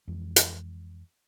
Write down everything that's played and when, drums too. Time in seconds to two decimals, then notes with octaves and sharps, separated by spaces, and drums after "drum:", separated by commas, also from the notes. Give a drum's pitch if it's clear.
0.08 F2 E3 G#3
0.36 drum: hi-hat